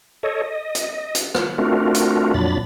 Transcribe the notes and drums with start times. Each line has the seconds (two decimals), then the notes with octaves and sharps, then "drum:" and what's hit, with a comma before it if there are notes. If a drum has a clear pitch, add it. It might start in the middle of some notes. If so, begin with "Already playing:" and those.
0.23 A4 C#5 D#5
0.44 D#5
0.75 drum: hi-hat
1.15 drum: hi-hat
1.35 drum: rim click
1.58 A3 C4 D4 F4 F#4 A#4
1.94 drum: hi-hat
2.34 F2 A#2 F#3 D4 B5 A6